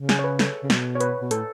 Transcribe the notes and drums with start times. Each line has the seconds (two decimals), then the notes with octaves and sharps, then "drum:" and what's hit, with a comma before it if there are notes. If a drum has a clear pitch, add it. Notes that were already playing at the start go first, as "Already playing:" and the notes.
Already playing: C#3
0.09 G#4, drum: snare
0.19 C#5
0.24 B4
0.39 A4, drum: snare
0.63 C#3
0.70 B2, drum: snare
0.95 C#5
1.01 B4, drum: hi-hat
1.21 B2
1.31 A2 A4, drum: hi-hat